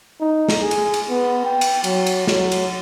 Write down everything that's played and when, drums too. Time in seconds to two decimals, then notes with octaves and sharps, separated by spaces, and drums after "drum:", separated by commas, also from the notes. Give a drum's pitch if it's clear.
0.21 D#4
0.49 drum: snare
0.62 G#4
0.71 drum: cymbal
0.94 drum: cymbal
1.09 B3
1.45 G5
1.61 drum: cymbal
1.84 F#3, drum: cymbal
2.06 drum: cymbal
2.27 F#3, drum: snare
2.52 drum: cymbal